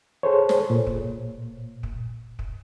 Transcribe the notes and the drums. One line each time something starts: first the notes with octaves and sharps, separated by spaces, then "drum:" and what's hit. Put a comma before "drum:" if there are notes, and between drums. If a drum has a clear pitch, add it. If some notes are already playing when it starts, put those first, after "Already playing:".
G#4 A4 C5 C#5
drum: snare
A#2
drum: kick
drum: kick
drum: kick